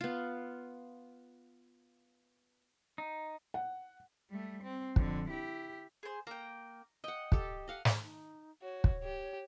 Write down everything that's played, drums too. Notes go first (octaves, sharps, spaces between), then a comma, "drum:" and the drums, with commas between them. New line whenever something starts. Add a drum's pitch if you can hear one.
B3 F4
D#4
F#5
G3 A3
C4
F2 D3, drum: kick
E4 G4
G#4 C5
A#3 G5 A#5
D#5 F#5 G5
G4 A4, drum: kick
D#5 F5 F#5
drum: snare
D#4
F#4 C#5
drum: kick
G4